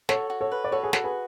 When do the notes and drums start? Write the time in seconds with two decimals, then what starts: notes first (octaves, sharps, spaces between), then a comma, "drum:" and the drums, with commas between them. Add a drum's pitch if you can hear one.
0.09 F#4 A4 C#5, drum: snare
0.30 F#4
0.41 A4 C#5
0.51 B4
0.64 D5
0.72 F#4 A4 C#5
0.83 G#4
0.93 F#4 A4, drum: snare
1.04 G#4 B4